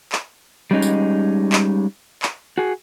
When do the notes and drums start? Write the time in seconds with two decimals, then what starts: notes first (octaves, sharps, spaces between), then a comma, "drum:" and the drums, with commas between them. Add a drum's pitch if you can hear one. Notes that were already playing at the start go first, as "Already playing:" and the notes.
0.12 drum: clap
0.71 G3 G#3 C#4 D#4
0.82 drum: tambourine
1.52 drum: clap
2.23 drum: clap
2.58 F#4 G#4